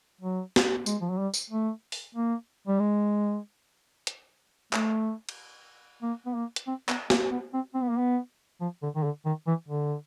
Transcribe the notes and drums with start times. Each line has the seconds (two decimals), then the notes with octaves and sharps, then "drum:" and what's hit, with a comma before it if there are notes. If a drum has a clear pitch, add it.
0.21 F#3
0.56 drum: snare
0.86 G#3, drum: tambourine
1.01 F3
1.10 F#3
1.18 G3
1.34 drum: tambourine
1.50 A3
1.92 drum: open hi-hat
2.15 A#3
2.68 G3
2.79 G#3
4.07 drum: hi-hat
4.73 A3, drum: clap
5.29 drum: cymbal
6.02 A#3
6.26 B3
6.35 A#3
6.56 drum: hi-hat
6.67 C4
6.89 B3, drum: clap
7.10 A#3, drum: snare
7.32 B3
7.54 C4
7.74 C4
7.82 B3
7.90 A#3
7.98 B3
8.61 F3
8.82 D3
8.96 D#3
9.04 D3
9.26 D#3
9.47 E3
9.69 D3